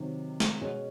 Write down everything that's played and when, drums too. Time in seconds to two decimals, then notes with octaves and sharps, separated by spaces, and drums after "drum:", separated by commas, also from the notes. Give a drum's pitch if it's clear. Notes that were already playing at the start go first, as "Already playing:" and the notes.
Already playing: C3 D#3 F#3
0.40 drum: snare
0.61 B2 G#3 C#4 F#4